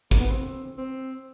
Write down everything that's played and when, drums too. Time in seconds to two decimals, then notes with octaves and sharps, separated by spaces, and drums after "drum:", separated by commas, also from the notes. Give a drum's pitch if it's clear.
0.11 A#3, drum: kick
0.20 B3
0.29 C4
0.78 C4